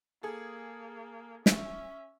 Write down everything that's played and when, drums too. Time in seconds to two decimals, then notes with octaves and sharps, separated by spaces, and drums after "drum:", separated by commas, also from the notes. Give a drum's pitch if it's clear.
0.23 A#3 G#4 A4
1.46 C#4 E5, drum: snare